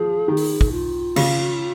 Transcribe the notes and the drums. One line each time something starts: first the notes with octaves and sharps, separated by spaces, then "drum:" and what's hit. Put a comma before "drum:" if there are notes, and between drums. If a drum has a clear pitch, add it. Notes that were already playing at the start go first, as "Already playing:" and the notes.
Already playing: F3 G#4
D#3
drum: open hi-hat
drum: kick
F4
C#3, drum: cymbal